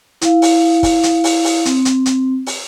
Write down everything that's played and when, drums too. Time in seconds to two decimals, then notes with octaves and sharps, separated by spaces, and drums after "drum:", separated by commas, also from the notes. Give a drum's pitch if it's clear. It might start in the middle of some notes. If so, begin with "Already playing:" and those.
0.21 E4 F5, drum: hi-hat
0.42 drum: open hi-hat
0.83 drum: kick, open hi-hat
1.03 drum: hi-hat
1.24 drum: open hi-hat
1.44 drum: open hi-hat
1.65 C4, drum: hi-hat
1.85 drum: hi-hat
2.06 drum: hi-hat
2.47 drum: open hi-hat